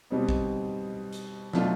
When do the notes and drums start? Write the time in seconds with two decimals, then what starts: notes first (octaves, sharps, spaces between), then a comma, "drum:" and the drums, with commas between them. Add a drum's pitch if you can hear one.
0.10 B2 G3 C4 D#4
0.29 drum: kick
1.13 drum: hi-hat
1.53 B2 F#3 A3 D4 F4, drum: snare